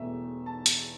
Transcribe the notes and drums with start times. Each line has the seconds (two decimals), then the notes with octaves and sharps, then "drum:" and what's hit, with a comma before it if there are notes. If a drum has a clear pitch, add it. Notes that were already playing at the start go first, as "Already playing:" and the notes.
Already playing: E1 E2 B2 A3 E5
0.46 A5
0.66 drum: hi-hat